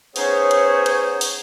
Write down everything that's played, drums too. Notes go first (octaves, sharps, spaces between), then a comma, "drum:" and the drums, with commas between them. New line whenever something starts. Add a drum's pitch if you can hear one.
B3 C#4 D#4 G#4 C5 C#5, drum: open hi-hat
drum: hi-hat
drum: hi-hat
drum: open hi-hat